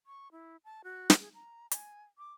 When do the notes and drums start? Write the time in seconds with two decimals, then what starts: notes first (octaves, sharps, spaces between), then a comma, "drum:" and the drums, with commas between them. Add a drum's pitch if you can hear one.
0.06 C#6
0.32 E4
0.64 A5
0.84 F#4
1.10 drum: snare
1.19 G#4
1.34 A#5
1.71 G#5, drum: hi-hat
2.18 D6